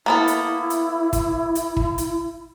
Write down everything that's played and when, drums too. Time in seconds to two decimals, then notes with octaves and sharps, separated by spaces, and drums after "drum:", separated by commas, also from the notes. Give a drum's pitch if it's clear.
0.06 A#3 B3 E4 A4
0.28 drum: hi-hat
0.70 drum: hi-hat
1.13 drum: kick, hi-hat
1.55 drum: hi-hat
1.77 drum: kick
1.98 drum: hi-hat